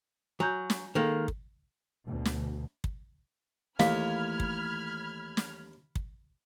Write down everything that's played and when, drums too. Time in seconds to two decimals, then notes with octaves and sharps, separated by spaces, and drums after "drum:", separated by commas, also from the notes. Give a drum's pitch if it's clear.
0.40 F#3 G#5 A#5 G6
0.70 drum: snare
0.95 D#3 G#3 A#3 A4
1.28 drum: kick
2.06 D2 B2
2.25 drum: snare
2.84 drum: kick
3.79 D#2 E3 A3 F5 B5 F6 G#6, drum: snare
4.40 drum: kick
5.37 drum: snare
5.95 drum: kick